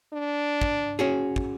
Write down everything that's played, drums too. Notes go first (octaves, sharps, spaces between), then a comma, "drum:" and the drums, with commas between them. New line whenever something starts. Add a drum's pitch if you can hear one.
D4
drum: kick
C#4 F#4 G#4
drum: kick